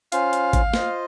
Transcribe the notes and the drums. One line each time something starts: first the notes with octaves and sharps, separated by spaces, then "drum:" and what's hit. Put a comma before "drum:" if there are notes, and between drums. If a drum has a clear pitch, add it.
C#4 F4 C5 F5, drum: hi-hat
drum: hi-hat
drum: kick G#1, hi-hat
F4 C5 D#5, drum: snare A#3